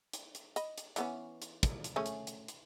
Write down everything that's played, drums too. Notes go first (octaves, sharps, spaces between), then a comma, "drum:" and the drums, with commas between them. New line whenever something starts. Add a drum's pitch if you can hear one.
drum: hi-hat
drum: hi-hat
D#5 B5, drum: hi-hat
drum: hi-hat
E3 B3 C#4, drum: hi-hat
drum: hi-hat
drum: kick, hi-hat
drum: hi-hat
A3 C#4 G#4
drum: hi-hat
drum: hi-hat
drum: hi-hat